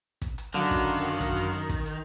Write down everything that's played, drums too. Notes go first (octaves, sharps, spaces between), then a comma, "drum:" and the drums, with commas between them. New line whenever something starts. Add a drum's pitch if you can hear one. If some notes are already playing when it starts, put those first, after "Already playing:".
drum: kick, hi-hat
drum: hi-hat
F#2 D3 D#3 F#4 F5 F#5, drum: hi-hat
drum: kick, hi-hat
drum: hi-hat
drum: hi-hat
drum: kick, hi-hat
drum: hi-hat
drum: hi-hat
drum: kick, hi-hat
drum: hi-hat